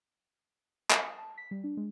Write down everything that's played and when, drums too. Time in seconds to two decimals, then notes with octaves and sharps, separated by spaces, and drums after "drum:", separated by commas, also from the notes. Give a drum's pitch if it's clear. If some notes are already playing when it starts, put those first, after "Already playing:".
0.91 C#7, drum: clap
1.07 D#6
1.18 A5
1.38 B6
1.51 G3
1.64 D4
1.77 G#3